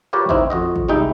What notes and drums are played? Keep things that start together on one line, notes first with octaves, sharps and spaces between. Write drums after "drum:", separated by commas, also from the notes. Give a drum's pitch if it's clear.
F4 G4 A#4 B4 C#5 D5
C4 D#4 E4, drum: kick
F2 F#4 D#5
drum: kick
C2 G3 G#3 D#4 E5 G5